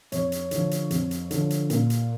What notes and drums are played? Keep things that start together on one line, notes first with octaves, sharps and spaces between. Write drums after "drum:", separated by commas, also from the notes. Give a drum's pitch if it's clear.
F2 C#5, drum: hi-hat
drum: hi-hat
D3 F3, drum: hi-hat
drum: hi-hat
F2, drum: hi-hat
drum: hi-hat
D3 F3, drum: hi-hat
drum: hi-hat
A#2, drum: hi-hat
drum: hi-hat